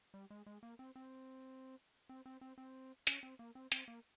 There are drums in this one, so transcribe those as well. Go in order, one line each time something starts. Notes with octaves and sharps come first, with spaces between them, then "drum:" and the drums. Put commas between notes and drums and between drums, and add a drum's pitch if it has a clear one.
G3
G#3
G#3
A#3
C4
C4
C4
C4
C4
C4
C#4, drum: hi-hat
C4
A#3
C4
C4, drum: hi-hat
A#3